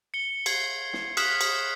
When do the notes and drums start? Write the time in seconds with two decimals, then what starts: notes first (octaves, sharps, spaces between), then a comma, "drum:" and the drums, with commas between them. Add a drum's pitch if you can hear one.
0.14 C#7 G7
0.46 G#6 C7, drum: cymbal
0.93 drum: snare
1.17 D#6 F6 F#6 B6 E7 F#7, drum: cymbal
1.41 drum: cymbal